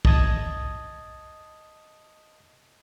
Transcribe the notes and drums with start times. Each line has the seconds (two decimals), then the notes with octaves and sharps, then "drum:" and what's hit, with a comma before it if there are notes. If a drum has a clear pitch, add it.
0.05 D#5 A5 D#6 G#6, drum: kick